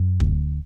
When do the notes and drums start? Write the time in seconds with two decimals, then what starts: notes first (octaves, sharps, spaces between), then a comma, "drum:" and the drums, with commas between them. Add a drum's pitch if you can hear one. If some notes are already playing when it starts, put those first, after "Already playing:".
Already playing: F#2
0.20 D2, drum: kick